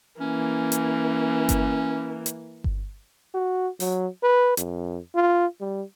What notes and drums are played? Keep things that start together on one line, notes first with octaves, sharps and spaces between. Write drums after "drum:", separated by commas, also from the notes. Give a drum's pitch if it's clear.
E3 A#3 C#4
drum: hi-hat
drum: kick G1, hi-hat
drum: hi-hat
drum: kick G1
F#4
F#3, drum: open hi-hat
B4
F2, drum: hi-hat
F4
G3